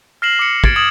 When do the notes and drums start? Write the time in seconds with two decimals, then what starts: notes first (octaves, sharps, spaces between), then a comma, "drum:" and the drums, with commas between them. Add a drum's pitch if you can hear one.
0.22 F6 A#6 C7 E7 F#7
0.39 D6 C#7
0.64 G#6 A6 D7, drum: kick
0.76 D#6 G#6 E7 F#7